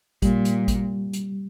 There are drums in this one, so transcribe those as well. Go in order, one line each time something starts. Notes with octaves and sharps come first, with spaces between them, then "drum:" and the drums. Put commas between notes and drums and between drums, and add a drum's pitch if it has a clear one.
A#2 G3, drum: kick G#1, hi-hat
drum: hi-hat
drum: kick G#1, hi-hat
drum: hi-hat